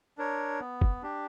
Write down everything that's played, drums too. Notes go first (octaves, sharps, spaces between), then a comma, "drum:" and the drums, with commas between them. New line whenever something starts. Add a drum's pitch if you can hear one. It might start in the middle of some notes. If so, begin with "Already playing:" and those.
D4 A#4 C#5
B3
drum: kick
D4 G4